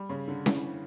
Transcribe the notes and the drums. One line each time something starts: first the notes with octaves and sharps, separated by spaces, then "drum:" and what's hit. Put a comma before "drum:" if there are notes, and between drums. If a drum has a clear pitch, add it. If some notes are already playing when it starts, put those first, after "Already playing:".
Already playing: G3
C#3
D3
E3, drum: snare C#4